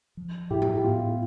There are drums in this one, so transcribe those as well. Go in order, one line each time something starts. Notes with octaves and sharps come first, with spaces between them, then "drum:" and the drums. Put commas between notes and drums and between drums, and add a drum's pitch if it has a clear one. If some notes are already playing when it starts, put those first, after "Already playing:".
F3
A2 E4 G4
drum: tom G#2
G4
B3 F4